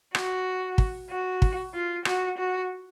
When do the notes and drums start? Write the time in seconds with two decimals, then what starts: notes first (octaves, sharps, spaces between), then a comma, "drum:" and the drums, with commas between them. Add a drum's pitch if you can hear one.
0.15 F#4, drum: rim click
0.78 drum: kick
1.10 F#4
1.42 drum: kick
1.74 F4
2.05 F#4, drum: rim click
2.38 F#4